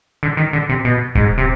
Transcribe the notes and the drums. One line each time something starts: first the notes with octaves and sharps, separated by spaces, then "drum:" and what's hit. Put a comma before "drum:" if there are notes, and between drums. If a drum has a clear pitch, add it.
D3
D#3
D3
C3
B2
G#2, drum: kick D#1
C3